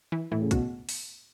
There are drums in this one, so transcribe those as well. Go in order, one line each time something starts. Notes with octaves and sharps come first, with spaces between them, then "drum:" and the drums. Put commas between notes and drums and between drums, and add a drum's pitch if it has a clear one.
E3
A2 E3
C#3
B2 F#4, drum: kick, hi-hat
drum: open hi-hat